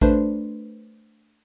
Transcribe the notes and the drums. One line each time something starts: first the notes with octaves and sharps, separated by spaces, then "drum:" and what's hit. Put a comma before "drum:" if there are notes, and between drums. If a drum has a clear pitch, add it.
A3 D4 B4 C5, drum: kick A1